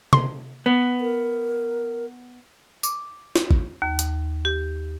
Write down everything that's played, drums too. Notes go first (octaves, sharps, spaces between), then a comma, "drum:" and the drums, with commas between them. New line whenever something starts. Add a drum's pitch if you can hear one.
C6, drum: tom C3
B3
A#4
D6, drum: tambourine
drum: snare
drum: kick
D#2
drum: hi-hat
G4